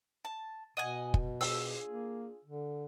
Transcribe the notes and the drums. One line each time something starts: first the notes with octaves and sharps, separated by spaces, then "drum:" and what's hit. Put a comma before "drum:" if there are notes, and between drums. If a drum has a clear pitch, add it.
A5
B2 D#5 F#5 G#5
drum: kick
D4 F4 G#4 E6, drum: open hi-hat
A#3
D3